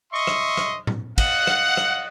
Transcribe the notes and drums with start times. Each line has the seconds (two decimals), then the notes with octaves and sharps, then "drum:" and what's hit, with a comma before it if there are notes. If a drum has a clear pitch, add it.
0.12 D#5 E5 C6 C#6
0.27 drum: rim click
0.57 drum: rim click
0.87 drum: tom A2
1.18 D#5 F5 F#5, drum: kick, cymbal
1.47 drum: rim click
1.77 drum: rim click